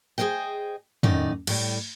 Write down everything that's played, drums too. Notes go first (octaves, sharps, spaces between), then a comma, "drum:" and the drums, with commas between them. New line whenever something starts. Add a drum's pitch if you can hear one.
G#4 A#4 C5 D#5 G5
F#2 A2 D#3 D#4 D5, drum: tom
A2 G3, drum: cymbal